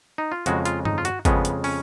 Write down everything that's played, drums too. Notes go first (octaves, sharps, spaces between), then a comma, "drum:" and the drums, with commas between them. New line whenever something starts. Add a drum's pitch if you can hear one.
D#4
F4
F2 C#3 G#3 F#4, drum: hi-hat
F4, drum: hi-hat
D#4, drum: tom G2
F4
F#4, drum: hi-hat
F2 C#3 G#3 B3, drum: kick G#1, hi-hat
drum: hi-hat
C#4, drum: open hi-hat